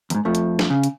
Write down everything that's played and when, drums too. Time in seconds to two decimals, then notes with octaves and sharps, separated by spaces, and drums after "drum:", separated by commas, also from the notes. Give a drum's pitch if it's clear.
0.10 E2 G#2, drum: hi-hat
0.25 F2 F3 A3
0.35 drum: hi-hat
0.59 drum: snare
0.70 C#3
0.83 drum: hi-hat